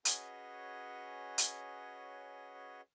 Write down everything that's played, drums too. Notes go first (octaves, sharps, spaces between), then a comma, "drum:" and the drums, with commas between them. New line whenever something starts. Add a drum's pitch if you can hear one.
C#4 F#4 G#4 B4 C#5 D#5, drum: hi-hat
drum: hi-hat